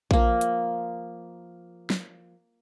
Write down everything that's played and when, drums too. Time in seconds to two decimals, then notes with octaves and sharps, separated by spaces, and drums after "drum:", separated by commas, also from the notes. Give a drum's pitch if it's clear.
0.11 F3 A#3, drum: kick A#1
0.41 drum: hi-hat
1.90 drum: snare